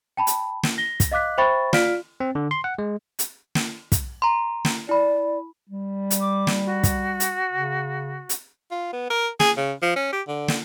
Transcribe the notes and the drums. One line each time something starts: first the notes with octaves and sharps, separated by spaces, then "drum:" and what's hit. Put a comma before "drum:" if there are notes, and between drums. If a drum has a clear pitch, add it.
G5 A5 B5
drum: hi-hat
drum: snare
A#6 G7
drum: kick, hi-hat
D#5 F5 D6 F#6 B6
C5 E5 G5 B5 C#6 A6
F4 D5 F5 F6 B6 D7, drum: snare
C4
D3
C6
F#5
G#3
drum: hi-hat
drum: snare
drum: kick, hi-hat
A#5 C6
drum: snare
E4 D5 B5
G3
drum: hi-hat
D6
drum: snare
F#4
drum: kick, hi-hat
drum: hi-hat
C#3
drum: hi-hat
F4
B3
A#4
G#4, drum: snare
C#3
F3
C#4
G4
D3
drum: snare